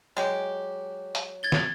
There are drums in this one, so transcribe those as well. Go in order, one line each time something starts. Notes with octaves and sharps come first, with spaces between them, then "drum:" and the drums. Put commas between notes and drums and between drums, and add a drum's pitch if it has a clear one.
F#3 G#3 G4
drum: hi-hat
G#6 A6 G7
drum: snare